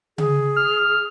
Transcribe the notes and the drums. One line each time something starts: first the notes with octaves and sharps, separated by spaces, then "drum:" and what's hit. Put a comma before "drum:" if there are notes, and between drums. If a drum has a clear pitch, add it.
G#4, drum: tom C#3
F6